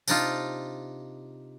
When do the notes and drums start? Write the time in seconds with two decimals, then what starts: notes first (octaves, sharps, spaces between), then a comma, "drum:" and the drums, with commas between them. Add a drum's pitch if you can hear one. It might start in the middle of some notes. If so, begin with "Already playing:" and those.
0.08 C3 D4 D#4 F4, drum: tambourine